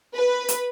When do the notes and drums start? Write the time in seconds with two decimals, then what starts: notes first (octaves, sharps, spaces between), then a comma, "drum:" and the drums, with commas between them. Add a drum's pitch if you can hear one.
0.16 B4
0.48 drum: hi-hat